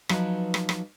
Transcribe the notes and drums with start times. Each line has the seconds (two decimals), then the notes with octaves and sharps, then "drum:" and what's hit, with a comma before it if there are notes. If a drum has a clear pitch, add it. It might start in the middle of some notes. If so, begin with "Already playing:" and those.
0.09 F3 F#3 D#4 B4, drum: rim click
0.54 drum: rim click
0.69 drum: rim click